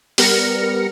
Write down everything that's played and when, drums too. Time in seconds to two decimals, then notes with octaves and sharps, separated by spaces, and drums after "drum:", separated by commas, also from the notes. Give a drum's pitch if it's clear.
0.18 G3 B3 A#4 F6 A#6 C#7, drum: open hi-hat